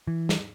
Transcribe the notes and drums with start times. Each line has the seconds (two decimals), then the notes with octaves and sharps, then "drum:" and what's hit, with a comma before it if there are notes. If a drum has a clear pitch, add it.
0.07 E3
0.29 drum: snare